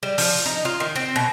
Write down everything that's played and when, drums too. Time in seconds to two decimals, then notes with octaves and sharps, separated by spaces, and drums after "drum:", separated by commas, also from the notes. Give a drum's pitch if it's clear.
0.03 G3
0.18 F3, drum: open hi-hat
0.46 D#4
0.65 F4
0.80 D#3
0.96 C4
1.16 B2